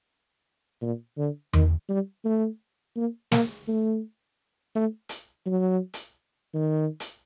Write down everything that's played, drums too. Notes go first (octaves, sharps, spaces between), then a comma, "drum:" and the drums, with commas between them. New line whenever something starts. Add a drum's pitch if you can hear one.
A#2
D3
D#3, drum: tom E2
G3
A3
A#3
A#3, drum: snare
A3
A3
drum: hi-hat
F#3
drum: hi-hat
D#3
drum: hi-hat